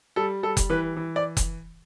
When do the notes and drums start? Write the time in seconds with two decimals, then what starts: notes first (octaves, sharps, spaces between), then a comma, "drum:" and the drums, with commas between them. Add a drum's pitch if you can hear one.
0.16 G3 A4
0.43 G3 A4
0.57 drum: kick F1, hi-hat
0.70 E3 B4
0.96 E3
1.16 D5
1.37 drum: kick F1, hi-hat